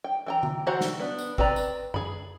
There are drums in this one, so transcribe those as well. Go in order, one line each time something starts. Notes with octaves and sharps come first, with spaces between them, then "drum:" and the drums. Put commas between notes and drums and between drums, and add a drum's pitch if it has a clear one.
G5
E3 G5 A#5
drum: tom D3
E3 F#4 C5 F#5 A#5
drum: snare
B3 D4
drum: tambourine
C4 B4 D5 A#5, drum: kick
drum: tambourine
G#4 B5, drum: tom F#2